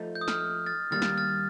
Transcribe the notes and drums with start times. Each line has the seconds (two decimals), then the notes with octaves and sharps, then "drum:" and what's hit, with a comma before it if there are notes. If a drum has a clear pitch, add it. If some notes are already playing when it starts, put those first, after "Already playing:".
Already playing: F3 A3 D#4
0.15 G6
0.21 D#6
0.28 F6, drum: snare
0.41 F6
0.66 F6 A6
0.92 D#3 G3 A#3 F6 A6
1.02 drum: snare
1.18 F6 A6